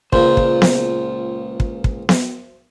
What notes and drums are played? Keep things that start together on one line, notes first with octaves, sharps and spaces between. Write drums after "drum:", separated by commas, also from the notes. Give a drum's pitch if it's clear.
C#2 A#2 C5, drum: kick
drum: kick
drum: snare B3
drum: kick
drum: kick
drum: snare B3